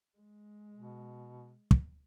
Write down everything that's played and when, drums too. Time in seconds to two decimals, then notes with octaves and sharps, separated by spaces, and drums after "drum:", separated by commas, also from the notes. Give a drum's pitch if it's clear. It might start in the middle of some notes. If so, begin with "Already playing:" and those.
0.18 G#3
0.74 B2
1.71 drum: kick